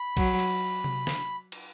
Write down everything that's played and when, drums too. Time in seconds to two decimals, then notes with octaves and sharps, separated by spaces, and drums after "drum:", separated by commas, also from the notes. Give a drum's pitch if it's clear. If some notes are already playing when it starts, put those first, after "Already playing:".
Already playing: B5
0.17 F#3, drum: kick, cymbal
0.39 drum: cymbal
0.84 drum: tom C3
1.07 drum: snare
1.52 drum: cymbal